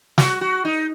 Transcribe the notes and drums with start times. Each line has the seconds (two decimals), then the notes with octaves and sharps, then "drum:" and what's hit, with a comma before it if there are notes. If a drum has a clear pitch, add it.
0.18 F#4, drum: snare
0.41 F#4
0.65 D#4